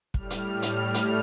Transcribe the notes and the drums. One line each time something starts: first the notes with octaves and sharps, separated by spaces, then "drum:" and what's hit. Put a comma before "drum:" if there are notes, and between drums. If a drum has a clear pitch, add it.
A2 G3 F6, drum: kick
drum: hi-hat
drum: hi-hat
drum: hi-hat